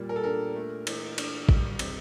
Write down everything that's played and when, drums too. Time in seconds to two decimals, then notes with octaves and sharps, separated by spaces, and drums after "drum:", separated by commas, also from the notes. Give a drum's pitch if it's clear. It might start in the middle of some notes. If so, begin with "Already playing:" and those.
Already playing: A#2 G3
0.09 A#4
0.16 A4
0.24 D4 A#4
0.55 A3
0.87 E3, drum: cymbal
1.18 D4, drum: cymbal
1.49 G3, drum: kick G#1
1.79 C3, drum: cymbal